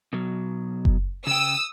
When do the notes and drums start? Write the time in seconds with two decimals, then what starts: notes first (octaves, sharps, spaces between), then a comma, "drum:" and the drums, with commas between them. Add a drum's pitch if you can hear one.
0.13 B2 F#3
0.85 drum: kick F#1
1.27 C#3 G5 D#6 E6